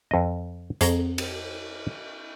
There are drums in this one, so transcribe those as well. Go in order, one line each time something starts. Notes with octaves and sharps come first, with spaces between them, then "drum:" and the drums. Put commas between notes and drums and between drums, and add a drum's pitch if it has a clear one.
F2 D#5
F2 G#4 F5 A#5, drum: hi-hat
drum: cymbal